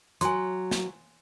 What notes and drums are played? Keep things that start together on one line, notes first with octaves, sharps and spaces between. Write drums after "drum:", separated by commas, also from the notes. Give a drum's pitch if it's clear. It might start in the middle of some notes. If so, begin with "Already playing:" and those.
F#3 G#5 C6, drum: hi-hat
drum: snare